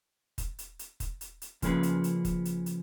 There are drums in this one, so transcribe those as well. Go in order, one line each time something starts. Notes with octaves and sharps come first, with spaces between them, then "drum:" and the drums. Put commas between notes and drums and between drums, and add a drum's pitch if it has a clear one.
drum: kick F1, hi-hat
drum: hi-hat
drum: hi-hat
drum: kick F1, hi-hat
drum: hi-hat
drum: hi-hat
C#3 F3 A#3 C#4 G#4 B4, drum: kick F1, hi-hat
drum: hi-hat
drum: hi-hat
drum: kick F1, hi-hat
drum: hi-hat
drum: hi-hat